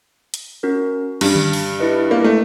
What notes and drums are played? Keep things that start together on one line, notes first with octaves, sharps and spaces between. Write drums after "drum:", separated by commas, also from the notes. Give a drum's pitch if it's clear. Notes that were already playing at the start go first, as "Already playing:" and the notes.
drum: hi-hat
C#4 F#4 A#4
G2 G3, drum: cymbal
drum: tom D3
drum: open hi-hat
E4 G4 B4 D#5
A#3
A3